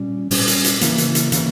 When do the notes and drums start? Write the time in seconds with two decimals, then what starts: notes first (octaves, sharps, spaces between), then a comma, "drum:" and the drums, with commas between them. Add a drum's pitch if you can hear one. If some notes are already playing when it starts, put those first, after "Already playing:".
Already playing: A#2 G3 C#4
0.31 A#2 G3 C#4, drum: open hi-hat
0.48 drum: hi-hat
0.64 drum: hi-hat
0.81 C#3 E3 A#3, drum: hi-hat
0.98 drum: hi-hat
1.15 drum: hi-hat
1.32 C#3 E3 A#3, drum: hi-hat